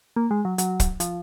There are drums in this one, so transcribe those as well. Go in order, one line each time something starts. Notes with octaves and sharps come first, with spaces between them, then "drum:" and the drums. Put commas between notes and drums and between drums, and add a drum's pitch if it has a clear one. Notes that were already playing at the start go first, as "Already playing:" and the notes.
A#3
G#3
F#3
F#3, drum: hi-hat
drum: kick, hi-hat
F3, drum: hi-hat